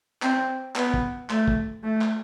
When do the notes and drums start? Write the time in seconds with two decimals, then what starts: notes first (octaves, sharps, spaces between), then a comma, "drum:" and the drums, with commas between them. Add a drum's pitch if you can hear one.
0.22 C4, drum: clap
0.76 B3, drum: clap
0.94 drum: kick
1.30 A3, drum: clap
1.48 drum: kick
1.83 A3
2.01 drum: clap